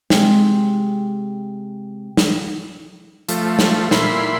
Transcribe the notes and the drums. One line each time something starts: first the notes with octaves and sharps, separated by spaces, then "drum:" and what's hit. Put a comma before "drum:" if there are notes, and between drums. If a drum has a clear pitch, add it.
C3 G#3, drum: snare
drum: snare
F3 A3, drum: hi-hat
drum: snare
A#2 E4 B5 C6, drum: snare